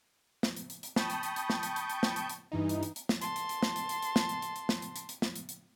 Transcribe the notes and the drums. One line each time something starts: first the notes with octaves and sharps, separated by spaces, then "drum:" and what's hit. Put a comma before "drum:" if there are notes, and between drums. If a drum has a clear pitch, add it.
drum: snare
drum: hi-hat
drum: hi-hat
drum: hi-hat
G5 A5 B5 C#6 D#6 G6, drum: snare
drum: hi-hat
drum: hi-hat
drum: hi-hat
drum: snare
drum: hi-hat
drum: hi-hat
drum: hi-hat
drum: snare
drum: hi-hat
drum: hi-hat
G2 E3 D#4
drum: hi-hat
drum: hi-hat
drum: hi-hat
drum: snare
A5 C6, drum: hi-hat
drum: hi-hat
drum: hi-hat
drum: snare
drum: hi-hat
drum: hi-hat
drum: hi-hat
drum: snare
drum: hi-hat
drum: hi-hat
drum: hi-hat
drum: snare
drum: hi-hat
drum: hi-hat
drum: hi-hat
drum: snare
drum: hi-hat
drum: hi-hat